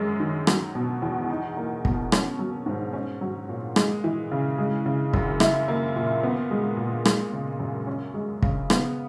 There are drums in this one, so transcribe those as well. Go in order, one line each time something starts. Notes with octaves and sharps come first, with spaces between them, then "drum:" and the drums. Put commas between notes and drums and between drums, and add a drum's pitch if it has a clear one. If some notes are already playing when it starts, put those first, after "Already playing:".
Already playing: F#2 G#3 C#4
D#3
F#3, drum: rim click
B2
E2
D#4
A#3
B2, drum: kick
C#4, drum: rim click
F#3
G#2
C#4
F#3
A#2
G#3, drum: rim click
E3
C#3
G#3
C#3
F#2, drum: kick
E4, drum: rim click
A#3
A#2
B3
G#3
A#2
G#3, drum: rim click
C#3
F#2
C#4
G#3
C#3, drum: kick
B3, drum: rim click